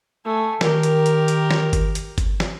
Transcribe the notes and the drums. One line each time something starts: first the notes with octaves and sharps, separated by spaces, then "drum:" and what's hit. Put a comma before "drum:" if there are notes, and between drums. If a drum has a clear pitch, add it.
A3 G#5
D#3 G4 A#4, drum: snare
drum: hi-hat
drum: hi-hat
drum: hi-hat
drum: snare
drum: kick G1, hi-hat
drum: hi-hat
drum: kick G1, hi-hat
drum: snare